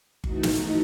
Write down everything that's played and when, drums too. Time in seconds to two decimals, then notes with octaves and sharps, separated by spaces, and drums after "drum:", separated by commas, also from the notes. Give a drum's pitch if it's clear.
0.24 E3 A3 D#4 F#4, drum: kick G1
0.43 drum: snare